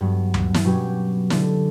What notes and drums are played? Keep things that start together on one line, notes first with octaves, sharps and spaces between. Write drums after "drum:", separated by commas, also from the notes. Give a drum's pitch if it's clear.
G2 F#3 B3
drum: tom D2
drum: snare
B2 F#3 C#4 G4 B4
D3 A3 D4, drum: snare